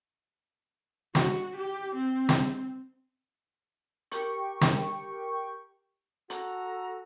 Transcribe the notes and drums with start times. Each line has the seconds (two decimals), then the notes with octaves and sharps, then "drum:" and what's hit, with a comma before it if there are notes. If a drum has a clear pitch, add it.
1.15 F#4, drum: snare
1.56 G4
1.95 C4
2.29 drum: snare
4.11 G4 A#4 G5 C#6, drum: hi-hat
4.61 drum: snare
6.30 F#4 A4 A#5, drum: hi-hat